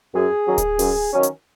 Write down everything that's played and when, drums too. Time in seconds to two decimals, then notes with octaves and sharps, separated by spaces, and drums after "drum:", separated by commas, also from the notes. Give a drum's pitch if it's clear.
0.14 F#2 G#4
0.47 D#3 F#3 C#4
0.58 drum: kick D1, hi-hat
0.79 F#2, drum: open hi-hat
1.13 D#3 F#3 C#4
1.23 drum: hi-hat